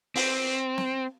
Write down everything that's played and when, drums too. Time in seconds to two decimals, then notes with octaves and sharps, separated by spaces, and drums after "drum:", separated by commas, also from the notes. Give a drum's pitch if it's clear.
0.16 C4, drum: open hi-hat
0.78 drum: snare